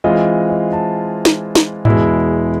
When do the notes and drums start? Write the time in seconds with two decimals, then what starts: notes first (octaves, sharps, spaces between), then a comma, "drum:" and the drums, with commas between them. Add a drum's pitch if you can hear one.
0.04 E3 G#3 C4 F4 D#5
0.50 D#5
0.73 A5
1.25 drum: snare
1.55 drum: snare
1.85 E2 B2 G#3 B3 E4, drum: tom G#2